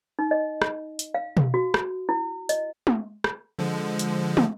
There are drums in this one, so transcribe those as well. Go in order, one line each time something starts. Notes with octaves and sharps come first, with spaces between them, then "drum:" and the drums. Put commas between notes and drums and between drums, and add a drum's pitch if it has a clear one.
D#4
D#5
drum: rim click
drum: hi-hat
F5
drum: tom B2
F#4
drum: rim click
E4
D#5, drum: hi-hat
drum: tom
drum: rim click
D3 F3 G#3
drum: hi-hat
drum: tom